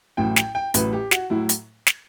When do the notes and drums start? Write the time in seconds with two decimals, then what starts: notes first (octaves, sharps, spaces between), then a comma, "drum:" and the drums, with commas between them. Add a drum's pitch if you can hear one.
0.17 A1 A2 F#3 G5
0.36 G5, drum: snare
0.55 G5
0.74 A1 A2 F#3 B4, drum: hi-hat
0.93 G4
1.11 F#4, drum: snare
1.30 A2 F#3 E4
1.49 drum: hi-hat
1.87 drum: snare